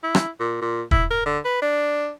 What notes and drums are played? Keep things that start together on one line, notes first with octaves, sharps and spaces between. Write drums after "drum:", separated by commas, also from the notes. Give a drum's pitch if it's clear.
E4
drum: rim click
A#2
A#2
E4, drum: kick
A#4
D3
B4
D4